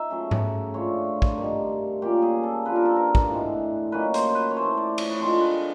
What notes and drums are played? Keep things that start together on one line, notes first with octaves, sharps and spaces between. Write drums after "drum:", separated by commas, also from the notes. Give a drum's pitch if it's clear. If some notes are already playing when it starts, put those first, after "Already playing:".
Already playing: D#4 E5
C#3 F#3 A3 C#4
drum: tom G#2
F3 A3 D4 F4 C#5
drum: kick
C3 D#3 G3
A#2 G3 A#3 C#4 G4
G#4
A4
C3 F3 A#3 D4 B4
A#4
A4
A#4
drum: kick
A2 E3 G#3 B3
D#3 F#3 A#3 C#4 B4
C5, drum: hi-hat
C5
B4
C#5
A2 E3 A3 C5
D5
C#5, drum: cymbal
B4
D3 F3 G#3 C4 C5
B4